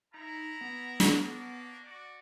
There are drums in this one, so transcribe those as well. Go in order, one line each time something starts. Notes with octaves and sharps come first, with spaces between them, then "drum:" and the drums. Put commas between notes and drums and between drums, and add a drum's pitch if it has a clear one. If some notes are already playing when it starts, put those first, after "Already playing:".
D#4 E4 A#5
B3
drum: snare
A#3 C#4 D4
F#4 D5